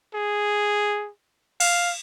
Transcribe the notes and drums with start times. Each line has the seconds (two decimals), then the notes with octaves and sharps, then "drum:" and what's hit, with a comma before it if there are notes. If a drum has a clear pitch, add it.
0.14 G#4
1.60 F5, drum: cymbal